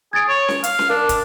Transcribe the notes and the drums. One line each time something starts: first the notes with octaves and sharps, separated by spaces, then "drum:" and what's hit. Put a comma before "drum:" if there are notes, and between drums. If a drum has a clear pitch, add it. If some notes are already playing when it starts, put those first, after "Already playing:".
G#4 G#6 A6 D7
C#5
drum: snare C#4
F5, drum: hi-hat
drum: snare C#4
D4 A#4
drum: kick, hi-hat